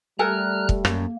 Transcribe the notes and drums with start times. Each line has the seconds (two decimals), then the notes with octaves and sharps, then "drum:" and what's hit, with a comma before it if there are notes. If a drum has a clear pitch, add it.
0.19 G3 A3 A4 A#4 G#5 A#5 F6 F#6
0.69 drum: kick
0.85 F#2 A#3, drum: rim click